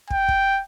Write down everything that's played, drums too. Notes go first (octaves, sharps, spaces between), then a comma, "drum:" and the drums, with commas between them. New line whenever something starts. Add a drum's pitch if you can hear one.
G5, drum: kick
drum: kick